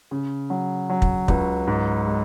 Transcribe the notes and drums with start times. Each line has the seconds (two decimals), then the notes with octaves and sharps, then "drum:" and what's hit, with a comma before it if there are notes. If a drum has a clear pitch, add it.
0.11 C#3
0.50 F#3
0.90 F#3
1.02 drum: kick
1.28 C#2, drum: kick
1.67 G#2
2.07 G#3